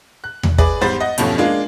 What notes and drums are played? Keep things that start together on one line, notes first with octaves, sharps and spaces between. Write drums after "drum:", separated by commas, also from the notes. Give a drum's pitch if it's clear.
F#6
drum: tom E2
G#4 B4 D5, drum: kick
E2 G#2 G3 C5 B5 A6
D#5 F#5
E2 G2 B2 F3 A3 C#4, drum: hi-hat
G#3 A#3 D4 F4